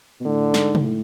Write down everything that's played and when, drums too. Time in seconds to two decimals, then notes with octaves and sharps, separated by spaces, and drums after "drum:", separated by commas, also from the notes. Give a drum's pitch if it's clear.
0.20 B2
0.25 A2 D3
0.54 G#2, drum: snare
0.75 drum: tom C3
0.84 A2